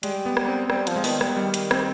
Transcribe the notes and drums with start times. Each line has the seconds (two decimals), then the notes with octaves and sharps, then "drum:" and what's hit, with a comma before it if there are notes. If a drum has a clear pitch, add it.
0.03 G3 G#3, drum: hi-hat
0.26 B3
0.37 drum: rim click
0.48 C4
0.70 G3 C4, drum: rim click
0.87 F3, drum: hi-hat
0.96 G#3
1.04 D#3 B3, drum: open hi-hat
1.21 G3, drum: rim click
1.36 D#3 G3
1.54 drum: hi-hat
1.71 C4, drum: rim click